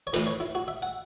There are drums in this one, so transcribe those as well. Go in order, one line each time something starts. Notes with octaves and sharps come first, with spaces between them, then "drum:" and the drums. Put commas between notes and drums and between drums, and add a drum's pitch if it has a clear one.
C#5
A2 E3 B4, drum: hi-hat
C#5
E4
F#4
E5
F#5